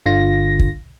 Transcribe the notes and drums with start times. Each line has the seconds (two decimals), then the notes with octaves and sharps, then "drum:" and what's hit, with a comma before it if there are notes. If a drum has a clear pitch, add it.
0.06 G1 D3 F4 A#6
0.59 drum: kick